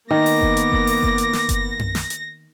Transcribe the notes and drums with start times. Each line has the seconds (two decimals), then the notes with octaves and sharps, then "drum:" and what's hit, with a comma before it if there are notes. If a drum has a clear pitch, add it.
0.11 D#3 A#3 B3 D6 A#6
0.26 drum: open hi-hat
0.41 drum: kick F#1
0.57 drum: hi-hat
0.72 drum: kick F#1
0.87 drum: open hi-hat
1.03 drum: kick F#1
1.18 drum: hi-hat
1.33 drum: snare
1.49 drum: kick F#1, hi-hat
1.79 drum: tom F#2
1.95 drum: snare
2.10 drum: hi-hat